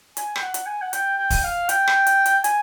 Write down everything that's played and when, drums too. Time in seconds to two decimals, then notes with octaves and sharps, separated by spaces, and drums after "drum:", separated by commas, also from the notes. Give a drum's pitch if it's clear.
0.17 G#5, drum: hi-hat
0.36 G5, drum: rim click
0.42 F#5
0.54 drum: hi-hat
0.66 G#5
0.82 F#5
0.93 G5, drum: hi-hat
1.18 G5
1.30 drum: kick, open hi-hat
1.44 F5
1.69 G5, drum: hi-hat
1.88 drum: rim click
2.07 drum: hi-hat
2.26 drum: hi-hat
2.44 G#5, drum: hi-hat